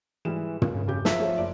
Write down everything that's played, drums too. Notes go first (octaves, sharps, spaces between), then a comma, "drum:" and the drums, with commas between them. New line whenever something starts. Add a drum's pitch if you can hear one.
G#2 E3 G3 G#4 E7
drum: tom
C#3
F1 C#3 G4 G6
F3 G#4 A#4 E5 A5, drum: snare
A4 C#5
F#1 D5